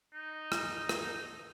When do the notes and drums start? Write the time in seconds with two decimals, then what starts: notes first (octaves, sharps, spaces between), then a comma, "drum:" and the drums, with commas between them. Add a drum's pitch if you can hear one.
0.14 D#4
0.52 drum: rim click
0.89 drum: rim click